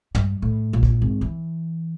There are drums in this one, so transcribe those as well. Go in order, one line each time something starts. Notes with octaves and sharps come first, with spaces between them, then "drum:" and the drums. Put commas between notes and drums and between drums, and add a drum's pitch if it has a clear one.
G2, drum: tom
A2
A#1
drum: kick
G#1
E3